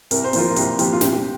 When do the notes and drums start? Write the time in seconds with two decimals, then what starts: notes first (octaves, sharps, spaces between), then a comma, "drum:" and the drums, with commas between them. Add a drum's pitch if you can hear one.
0.11 C2 A#4, drum: hi-hat
0.24 C5
0.33 A#2 F3 F4 A#4, drum: open hi-hat
0.50 A#4
0.56 C2 G4, drum: hi-hat
0.79 A#2 F3 G4, drum: hi-hat
0.92 F4
1.01 C2 G4, drum: snare
1.13 G4